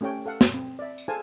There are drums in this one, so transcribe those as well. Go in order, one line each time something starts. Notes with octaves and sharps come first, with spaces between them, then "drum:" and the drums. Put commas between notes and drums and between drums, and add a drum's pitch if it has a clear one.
A3 C#4 G4 C#5 G5
A4 F5 F#5
drum: snare
C4
D5 E5
drum: tambourine
G#4 A4 C5 F5 G#5 A5